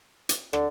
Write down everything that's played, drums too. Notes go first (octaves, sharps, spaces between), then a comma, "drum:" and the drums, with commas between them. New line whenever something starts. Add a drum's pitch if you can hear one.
drum: hi-hat
D3, drum: rim click